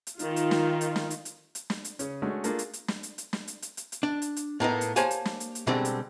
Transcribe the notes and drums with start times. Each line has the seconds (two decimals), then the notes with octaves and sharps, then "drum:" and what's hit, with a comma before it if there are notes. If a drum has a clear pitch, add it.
0.07 drum: hi-hat
0.19 D#3 F4, drum: hi-hat
0.36 drum: hi-hat
0.51 drum: snare
0.81 drum: hi-hat
0.96 drum: snare
1.10 drum: hi-hat
1.25 drum: hi-hat
1.55 drum: hi-hat
1.70 drum: snare
1.85 drum: hi-hat
1.99 C#3 C#4, drum: hi-hat
2.22 G#3 A3 C#4 D4 F#4
2.44 A3 A#3 D4 F4 G#4, drum: hi-hat
2.59 drum: hi-hat
2.73 drum: hi-hat
2.88 drum: snare
3.03 drum: hi-hat
3.18 drum: hi-hat
3.33 drum: snare
3.48 drum: hi-hat
3.62 drum: hi-hat
3.77 drum: hi-hat
3.92 drum: hi-hat
4.03 D4
4.22 drum: hi-hat
4.37 drum: hi-hat
4.60 A2 A#3 B3 D#4
4.81 drum: hi-hat
4.96 A#3 G4 C5 C#5 G#5 A5, drum: hi-hat
5.11 drum: hi-hat
5.25 drum: snare
5.40 drum: hi-hat
5.55 drum: hi-hat
5.67 B2 D3 G3 G#3 C4
5.85 drum: hi-hat